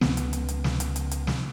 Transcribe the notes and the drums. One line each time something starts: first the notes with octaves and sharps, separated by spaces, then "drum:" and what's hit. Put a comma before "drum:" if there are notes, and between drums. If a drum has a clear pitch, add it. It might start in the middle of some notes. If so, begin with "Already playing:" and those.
C#2 B3, drum: snare
drum: hi-hat
drum: hi-hat
drum: hi-hat
drum: snare
drum: hi-hat
drum: hi-hat
drum: hi-hat
drum: snare